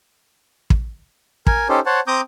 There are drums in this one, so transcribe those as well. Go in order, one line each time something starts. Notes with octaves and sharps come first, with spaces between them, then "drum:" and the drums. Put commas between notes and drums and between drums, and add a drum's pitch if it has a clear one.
drum: kick
A#4 G#5, drum: kick
C#4 D#4 G4 A4 C5
C5 C#5 F#5 A5
C4 A#5 D6 D#6 G6